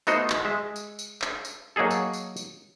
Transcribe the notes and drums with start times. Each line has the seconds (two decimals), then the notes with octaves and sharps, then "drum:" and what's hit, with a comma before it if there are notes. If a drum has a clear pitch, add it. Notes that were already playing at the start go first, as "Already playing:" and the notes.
0.07 A3 B3 D#4 F#4 C5 D#5, drum: tambourine
0.30 drum: clap
0.45 G#3 E5
0.76 drum: tambourine
0.99 drum: tambourine
1.22 drum: clap
1.45 drum: tambourine
1.76 F#3 A#3 D#4 G#4 A4
1.91 drum: tambourine
2.14 drum: tambourine
2.36 drum: tambourine